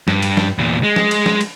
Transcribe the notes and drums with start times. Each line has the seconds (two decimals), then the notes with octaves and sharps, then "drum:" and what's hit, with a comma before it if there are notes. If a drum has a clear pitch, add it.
0.08 G2, drum: snare
0.22 drum: cymbal
0.37 drum: snare
0.59 E2 A#2
0.83 G#3
0.96 drum: snare
1.11 drum: cymbal
1.26 drum: snare
1.41 drum: cymbal